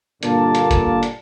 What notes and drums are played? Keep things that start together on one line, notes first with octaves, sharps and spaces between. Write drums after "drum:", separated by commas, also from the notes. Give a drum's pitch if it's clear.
G2 A#2 D3 A#3 D5 A5, drum: hi-hat
drum: hi-hat
drum: kick G1, hi-hat
drum: hi-hat